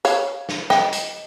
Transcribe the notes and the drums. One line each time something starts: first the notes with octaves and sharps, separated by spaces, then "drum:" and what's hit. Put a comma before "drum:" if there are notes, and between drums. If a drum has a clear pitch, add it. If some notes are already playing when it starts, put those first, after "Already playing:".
C#5 F5, drum: hi-hat
drum: snare
D#5 G5, drum: snare
drum: hi-hat